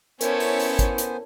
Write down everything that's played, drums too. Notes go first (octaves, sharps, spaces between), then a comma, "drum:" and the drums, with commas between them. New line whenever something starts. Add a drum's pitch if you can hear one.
B3 C#4 E4 A4 A#4 C5 C#5 G#5, drum: hi-hat
drum: open hi-hat
drum: open hi-hat
drum: kick, hi-hat
drum: hi-hat